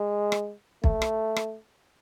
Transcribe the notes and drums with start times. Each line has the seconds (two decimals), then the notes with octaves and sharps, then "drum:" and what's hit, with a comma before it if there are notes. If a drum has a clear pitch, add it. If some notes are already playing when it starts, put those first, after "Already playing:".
Already playing: G#3
0.32 drum: rim click
0.84 A3, drum: kick
1.02 drum: rim click
1.36 drum: rim click